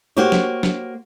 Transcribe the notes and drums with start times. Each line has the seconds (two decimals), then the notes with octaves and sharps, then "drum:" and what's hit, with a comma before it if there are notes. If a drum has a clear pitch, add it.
0.17 A#3 F#4 G4 C5 C#5
0.32 drum: snare
0.63 drum: snare